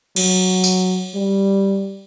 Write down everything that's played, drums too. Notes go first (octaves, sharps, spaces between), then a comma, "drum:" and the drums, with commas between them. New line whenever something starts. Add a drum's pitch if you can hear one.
F#3, drum: cymbal
drum: tambourine
G3